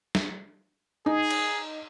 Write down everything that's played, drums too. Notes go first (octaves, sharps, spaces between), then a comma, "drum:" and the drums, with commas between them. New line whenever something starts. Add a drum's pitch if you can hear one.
drum: snare
D#4 G#4
drum: cymbal